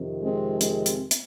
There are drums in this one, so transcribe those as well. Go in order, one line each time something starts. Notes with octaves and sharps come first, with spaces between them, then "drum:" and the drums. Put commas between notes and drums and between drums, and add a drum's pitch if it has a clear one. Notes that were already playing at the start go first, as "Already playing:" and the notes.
Already playing: F2 C3 D#3
G#3 C4
G#3 C4, drum: hi-hat
drum: hi-hat
drum: hi-hat